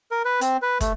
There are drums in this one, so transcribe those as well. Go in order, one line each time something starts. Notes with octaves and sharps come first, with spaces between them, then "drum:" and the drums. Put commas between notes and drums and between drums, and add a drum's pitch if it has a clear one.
A#4
B4
C4, drum: hi-hat
B4
A3, drum: kick, hi-hat